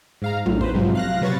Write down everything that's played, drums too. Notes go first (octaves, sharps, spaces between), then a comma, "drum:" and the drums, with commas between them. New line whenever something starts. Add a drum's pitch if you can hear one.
G#2 F5 A#5
A#1 A2 F#3, drum: tom
B4 C5, drum: kick
G#2 C3 F3 F#3
F5 F#6 A#6
C3 F#3 B4 C#5 C#6 A6